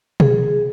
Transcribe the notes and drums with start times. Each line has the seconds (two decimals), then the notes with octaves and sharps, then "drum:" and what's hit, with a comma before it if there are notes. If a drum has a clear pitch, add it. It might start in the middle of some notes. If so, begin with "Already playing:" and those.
0.20 G#4, drum: tom B2